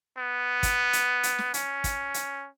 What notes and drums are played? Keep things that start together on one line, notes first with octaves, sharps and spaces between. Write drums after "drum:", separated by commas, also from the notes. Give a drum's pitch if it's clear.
B3
drum: kick, hi-hat
drum: hi-hat
drum: hi-hat
drum: snare
C#4, drum: hi-hat
drum: kick, hi-hat
drum: hi-hat